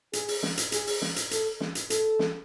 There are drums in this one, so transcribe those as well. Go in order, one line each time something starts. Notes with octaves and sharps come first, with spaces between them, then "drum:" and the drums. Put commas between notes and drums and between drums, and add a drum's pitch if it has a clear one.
G#4, drum: hi-hat
drum: open hi-hat
drum: snare
drum: hi-hat
G#4, drum: hi-hat
drum: open hi-hat
drum: snare
drum: hi-hat
A4, drum: hi-hat
drum: snare
drum: hi-hat
A4, drum: hi-hat
drum: snare